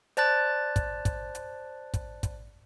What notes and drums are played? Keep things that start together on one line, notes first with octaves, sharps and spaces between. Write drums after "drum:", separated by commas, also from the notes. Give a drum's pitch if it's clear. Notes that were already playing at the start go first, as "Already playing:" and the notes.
C5 D5 A5 F#6 A6, drum: hi-hat
drum: kick, hi-hat
drum: kick, hi-hat
drum: hi-hat
drum: kick, hi-hat
drum: kick, hi-hat